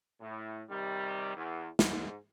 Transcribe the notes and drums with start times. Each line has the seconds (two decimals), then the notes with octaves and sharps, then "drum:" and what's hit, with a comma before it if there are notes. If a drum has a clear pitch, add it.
0.21 A2
0.69 C3 D#3 G3
1.36 E2
1.79 G#2, drum: snare